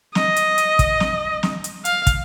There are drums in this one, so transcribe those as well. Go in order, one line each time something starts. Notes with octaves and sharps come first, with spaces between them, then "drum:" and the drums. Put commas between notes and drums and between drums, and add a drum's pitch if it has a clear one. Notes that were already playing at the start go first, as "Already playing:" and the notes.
D#5, drum: snare
drum: hi-hat
drum: hi-hat
drum: kick, hi-hat
drum: snare
drum: snare
drum: hi-hat
F5, drum: hi-hat
drum: kick, hi-hat